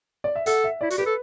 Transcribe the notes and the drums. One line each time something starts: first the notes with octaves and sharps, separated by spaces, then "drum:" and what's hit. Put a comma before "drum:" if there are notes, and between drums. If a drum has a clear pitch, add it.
D5
E5
A4 F#5, drum: hi-hat
E5
E4 D5
F#4, drum: hi-hat
G4 B4
A4